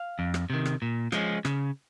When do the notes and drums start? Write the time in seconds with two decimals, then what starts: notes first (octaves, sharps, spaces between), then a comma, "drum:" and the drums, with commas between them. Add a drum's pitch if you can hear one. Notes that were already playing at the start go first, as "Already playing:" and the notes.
Already playing: F5
0.19 F2
0.34 drum: rim click
0.50 C3 D#3
0.65 drum: rim click
0.82 A#2
1.12 F3 G#3 C#4, drum: rim click
1.45 C#3, drum: rim click